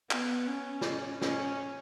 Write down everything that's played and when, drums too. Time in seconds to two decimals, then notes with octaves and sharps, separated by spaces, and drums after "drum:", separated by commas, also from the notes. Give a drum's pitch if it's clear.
0.11 B3, drum: clap
0.48 C#4
0.81 drum: snare
1.21 C#4, drum: snare